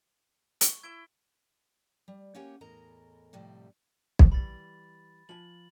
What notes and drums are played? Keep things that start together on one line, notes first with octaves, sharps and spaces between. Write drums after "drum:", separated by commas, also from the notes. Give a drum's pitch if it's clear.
C#6, drum: hi-hat
E4 E6 G#6 D7 G7
G3
A#3 C#4 G4 C#5 F#5 G#5
E2 A2 A#4 D#5 A#5
F2 A2 C3 G3
drum: kick B1
E3 G3 B5 A6
F3 G#5 F#7